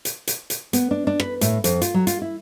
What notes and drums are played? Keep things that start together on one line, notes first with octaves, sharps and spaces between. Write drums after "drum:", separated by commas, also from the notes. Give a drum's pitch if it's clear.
drum: hi-hat
drum: hi-hat
drum: hi-hat
B3, drum: hi-hat
D4
D4
B4, drum: rim click
A2, drum: hi-hat
F2, drum: hi-hat
F4, drum: hi-hat
F#3
F4, drum: hi-hat
E4